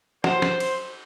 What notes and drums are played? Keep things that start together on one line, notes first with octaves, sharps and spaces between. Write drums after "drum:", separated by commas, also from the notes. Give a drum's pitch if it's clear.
F#3 C5, drum: snare
drum: snare
drum: cymbal